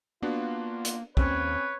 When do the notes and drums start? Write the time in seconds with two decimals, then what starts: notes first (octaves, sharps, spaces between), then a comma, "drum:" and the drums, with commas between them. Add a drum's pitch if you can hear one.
0.22 A#3 B3 D4 F4 F#4
0.85 drum: hi-hat
1.17 D#2 C4 C#4 B4 C#5, drum: kick